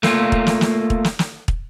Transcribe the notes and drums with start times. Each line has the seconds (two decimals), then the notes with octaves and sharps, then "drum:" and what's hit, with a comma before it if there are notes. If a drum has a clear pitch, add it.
0.03 A3 A#3 F4, drum: snare
0.32 drum: kick
0.47 drum: snare
0.61 drum: snare
0.90 drum: kick
1.04 drum: snare
1.19 drum: snare
1.48 drum: kick